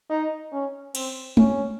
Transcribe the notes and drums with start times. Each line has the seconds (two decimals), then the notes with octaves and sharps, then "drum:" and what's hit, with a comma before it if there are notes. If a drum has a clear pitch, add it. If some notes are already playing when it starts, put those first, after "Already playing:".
0.10 D#4
0.52 C#4
0.95 C4, drum: cymbal
1.37 C#4, drum: tom